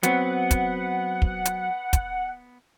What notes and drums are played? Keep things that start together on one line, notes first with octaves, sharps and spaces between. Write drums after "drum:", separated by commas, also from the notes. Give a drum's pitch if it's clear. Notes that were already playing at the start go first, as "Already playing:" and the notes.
F#3 B3 C4 F#5, drum: hi-hat
drum: kick, hi-hat
drum: kick
drum: hi-hat
drum: kick, hi-hat